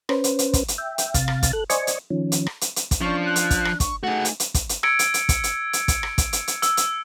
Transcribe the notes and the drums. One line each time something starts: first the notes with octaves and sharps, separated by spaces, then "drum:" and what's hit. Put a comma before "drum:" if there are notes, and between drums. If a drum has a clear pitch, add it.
C#4 B4 C5, drum: rim click
drum: hi-hat
drum: hi-hat
drum: kick, hi-hat
drum: hi-hat
E5 G5
drum: hi-hat
C3 F5 A6, drum: kick, hi-hat
drum: rim click
drum: kick, hi-hat
A4 F#6
C5 D5 D#5 G#5 C#6, drum: hi-hat
drum: hi-hat
D#3 F3 C#4
drum: hi-hat
drum: rim click
drum: hi-hat
drum: hi-hat
drum: kick, hi-hat
F3 C#4 D4 C#6
F#6
drum: hi-hat
drum: kick, hi-hat
drum: rim click
C#6, drum: kick, hi-hat
A3 D#4 F#4 G#4 F#5
drum: hi-hat
drum: hi-hat
drum: kick, hi-hat
drum: hi-hat
E6 G#6 C#7 D7, drum: rim click
drum: hi-hat
drum: hi-hat
drum: kick, hi-hat
drum: hi-hat
drum: hi-hat
drum: kick, hi-hat
drum: rim click
drum: kick, hi-hat
drum: hi-hat
drum: hi-hat
E6, drum: hi-hat
drum: hi-hat